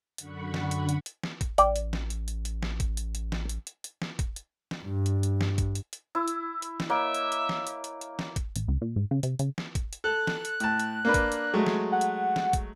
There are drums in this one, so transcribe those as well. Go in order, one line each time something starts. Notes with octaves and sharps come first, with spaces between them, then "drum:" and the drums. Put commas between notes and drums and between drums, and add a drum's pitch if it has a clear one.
F#2 D3 F#5 B5 C#6, drum: hi-hat
drum: snare
drum: hi-hat
drum: hi-hat
drum: hi-hat
drum: snare
drum: kick, hi-hat
A1 D5 G5, drum: hi-hat
drum: hi-hat
drum: snare
drum: hi-hat
drum: hi-hat
drum: hi-hat
drum: snare
drum: kick, hi-hat
drum: hi-hat
drum: hi-hat
drum: snare
drum: hi-hat
drum: hi-hat
drum: hi-hat
drum: snare
drum: kick, hi-hat
drum: hi-hat
drum: snare
G2
drum: hi-hat
drum: hi-hat
drum: snare
drum: kick, hi-hat
drum: hi-hat
drum: hi-hat
E4 E6
drum: hi-hat
drum: hi-hat
drum: snare
A#3 C#5 D#5 E5 D7
drum: hi-hat
drum: hi-hat
drum: snare
drum: hi-hat
drum: hi-hat
drum: hi-hat
drum: snare
drum: kick, hi-hat
A1, drum: hi-hat
C#2
A#2
G#2
C#3
C3, drum: hi-hat
C#3, drum: hi-hat
drum: snare
drum: kick, hi-hat
drum: hi-hat
A4 F#6
drum: snare
drum: hi-hat
A2 A5, drum: hi-hat
drum: hi-hat
A#3 D4 B4
drum: kick, hi-hat
drum: hi-hat
F#3 G#3 A3
drum: snare
F#5
drum: hi-hat
drum: snare
drum: kick, hi-hat